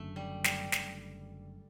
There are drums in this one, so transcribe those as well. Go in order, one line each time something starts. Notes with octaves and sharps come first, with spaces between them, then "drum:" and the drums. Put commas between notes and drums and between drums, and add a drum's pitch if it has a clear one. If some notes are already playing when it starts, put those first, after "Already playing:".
Already playing: F#1 F#2 D3 A3
G3
G3, drum: snare
F#1 F#2 D3, drum: snare